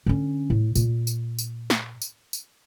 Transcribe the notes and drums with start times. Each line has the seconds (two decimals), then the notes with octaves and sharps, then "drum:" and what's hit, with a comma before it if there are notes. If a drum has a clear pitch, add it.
0.06 D3 C#4
0.50 A2
0.75 A#2, drum: tambourine
1.07 drum: tambourine
1.39 drum: tambourine
1.70 drum: snare
2.02 drum: tambourine
2.33 drum: tambourine